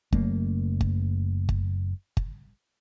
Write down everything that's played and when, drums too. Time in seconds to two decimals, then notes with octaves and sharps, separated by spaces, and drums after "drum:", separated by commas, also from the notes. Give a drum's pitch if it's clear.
0.12 F#1 F#2 A3 A#3, drum: kick G1
0.81 drum: kick G1
1.49 drum: kick G1
2.17 drum: kick G1